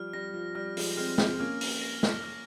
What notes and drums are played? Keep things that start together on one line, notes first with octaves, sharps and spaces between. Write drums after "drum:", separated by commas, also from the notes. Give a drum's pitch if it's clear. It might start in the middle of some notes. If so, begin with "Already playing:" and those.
Already playing: F3 G3 F6
G3 A#6
F3
G3 F6
F3 G#3, drum: open hi-hat
G#3 C4 F6
G#3 C4, drum: snare
A#3 C#4 F6
drum: open hi-hat
A#6
drum: snare
F6